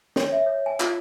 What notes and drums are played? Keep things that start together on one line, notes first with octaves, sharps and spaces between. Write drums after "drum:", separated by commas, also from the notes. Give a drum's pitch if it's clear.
C#5, drum: snare
E5
C#5
G#5
F4, drum: clap